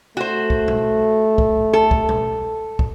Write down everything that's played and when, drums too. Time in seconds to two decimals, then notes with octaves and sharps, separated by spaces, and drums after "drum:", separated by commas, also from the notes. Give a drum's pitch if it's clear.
0.17 A3 F#4 C5
0.50 drum: kick
0.68 drum: tom
1.38 drum: kick
1.73 A4
1.91 drum: kick
2.09 drum: tom
2.79 drum: kick